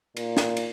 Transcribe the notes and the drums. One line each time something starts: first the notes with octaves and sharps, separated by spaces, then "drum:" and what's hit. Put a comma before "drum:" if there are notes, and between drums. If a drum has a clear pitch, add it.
A#2, drum: cymbal
drum: snare
drum: cymbal